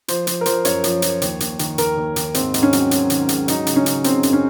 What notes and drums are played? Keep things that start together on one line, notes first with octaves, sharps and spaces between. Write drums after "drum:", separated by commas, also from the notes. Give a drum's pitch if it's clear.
F3 C5, drum: hi-hat
F3 C5, drum: hi-hat
A#4
F3 C5, drum: hi-hat
F#2 C#5, drum: hi-hat
F3, drum: hi-hat
F3, drum: hi-hat
D#2, drum: hi-hat
D#2, drum: hi-hat
D#3, drum: hi-hat
D#2 A#4, drum: hi-hat
D#2
D#2, drum: hi-hat
G#2 C4, drum: hi-hat
G#2, drum: hi-hat
C#4
F#3, drum: hi-hat
F#3, drum: hi-hat
D#3, drum: hi-hat
G#2, drum: hi-hat
F#3 D#4, drum: hi-hat
C#3, drum: hi-hat
C#4
C#3, drum: hi-hat
C#3 C4, drum: hi-hat
F#2, drum: hi-hat
C#4